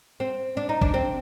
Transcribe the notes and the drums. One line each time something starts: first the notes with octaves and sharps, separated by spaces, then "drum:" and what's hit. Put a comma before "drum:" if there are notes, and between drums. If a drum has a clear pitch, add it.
C4
D4
D#4
D4, drum: kick
C4